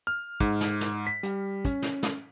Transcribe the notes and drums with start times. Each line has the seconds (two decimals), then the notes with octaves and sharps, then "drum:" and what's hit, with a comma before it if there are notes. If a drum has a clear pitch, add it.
0.07 F6
0.40 G#2, drum: kick, hi-hat
0.61 drum: snare
0.81 drum: snare
1.07 B6
1.23 G3, drum: hi-hat
1.65 C#4, drum: kick, hi-hat
1.82 drum: snare
2.03 drum: snare